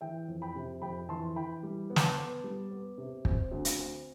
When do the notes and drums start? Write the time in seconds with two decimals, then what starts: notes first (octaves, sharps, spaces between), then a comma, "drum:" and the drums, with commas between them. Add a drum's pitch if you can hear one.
0.01 E3 E5 G5
0.28 F2
0.42 G5 B5
0.56 C3
0.82 F2 G5 B5
1.09 E3 A5 C6
1.36 E3 G5 B5
1.63 G3
1.90 B3
1.96 D6, drum: snare
2.03 A5 C6
2.17 B3
2.44 G3
2.71 B3
2.98 C3
3.25 C4, drum: kick
3.51 D2
3.65 drum: hi-hat
3.79 C4